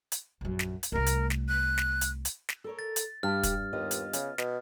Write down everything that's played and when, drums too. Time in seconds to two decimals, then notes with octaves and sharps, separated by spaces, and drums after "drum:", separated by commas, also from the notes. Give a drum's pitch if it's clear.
0.12 drum: hi-hat
0.41 A#1 F#2
0.59 drum: snare
0.83 drum: hi-hat
0.92 C2 A3 A#4
1.06 drum: hi-hat
1.30 drum: snare
1.49 F#6
1.78 drum: snare
2.01 drum: hi-hat
2.25 drum: hi-hat
2.49 drum: snare
2.64 A4 A#4 C#5
2.79 A6
2.96 drum: hi-hat
3.23 G2 G3 G4 F6
3.43 drum: kick, hi-hat
3.73 D#2 B3 F4 D#5
3.91 drum: hi-hat
4.13 C#3, drum: hi-hat
4.38 B2, drum: snare